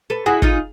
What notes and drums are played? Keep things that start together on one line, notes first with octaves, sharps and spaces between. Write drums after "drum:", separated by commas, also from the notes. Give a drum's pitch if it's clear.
A4 B4
E4 F#4 G#4
D#4 F4, drum: kick